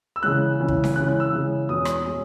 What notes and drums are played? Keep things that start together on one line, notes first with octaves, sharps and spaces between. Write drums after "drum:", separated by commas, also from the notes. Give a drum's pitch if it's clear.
E6
C#3 E3 G#3 C#4 F#6
C#3 E3 G#3 C#4
drum: kick
drum: snare C#4
C#3 E3 G#3 C#4 F#6
F#6
E6
C#3 E3 G#3 C#4
E2 B2 G#3 C#4 D#6
drum: rim click
B2 G#3 C#4